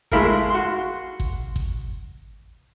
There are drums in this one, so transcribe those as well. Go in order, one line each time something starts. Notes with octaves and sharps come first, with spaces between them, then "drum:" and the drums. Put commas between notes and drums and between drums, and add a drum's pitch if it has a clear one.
G#3 A3 E4 F4 A#4, drum: kick G#1
F#4 C6
drum: kick G#1
drum: kick G#1